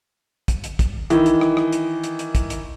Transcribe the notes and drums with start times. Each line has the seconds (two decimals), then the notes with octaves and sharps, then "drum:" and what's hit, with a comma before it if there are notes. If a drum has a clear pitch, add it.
0.48 drum: kick, hi-hat
0.64 drum: hi-hat
0.79 drum: kick, hi-hat
1.10 D#3 E3, drum: hi-hat
1.26 drum: hi-hat
1.41 drum: rim click
1.57 drum: rim click
1.72 drum: hi-hat
2.04 drum: hi-hat
2.19 drum: hi-hat
2.35 drum: kick, hi-hat
2.50 drum: hi-hat